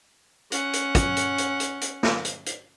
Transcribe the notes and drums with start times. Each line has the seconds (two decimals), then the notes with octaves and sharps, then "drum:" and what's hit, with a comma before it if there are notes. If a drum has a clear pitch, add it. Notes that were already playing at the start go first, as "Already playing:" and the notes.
0.52 C#4 F#5, drum: hi-hat
0.73 drum: hi-hat
0.95 drum: kick, hi-hat
1.17 drum: hi-hat
1.38 drum: hi-hat
1.60 drum: hi-hat
1.81 drum: hi-hat
2.03 drum: snare
2.25 drum: hi-hat
2.46 drum: hi-hat